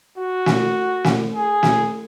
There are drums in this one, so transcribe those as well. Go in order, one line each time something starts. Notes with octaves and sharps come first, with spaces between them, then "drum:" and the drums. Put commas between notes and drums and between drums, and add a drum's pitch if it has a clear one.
F#4
drum: snare
drum: snare
G#4
drum: snare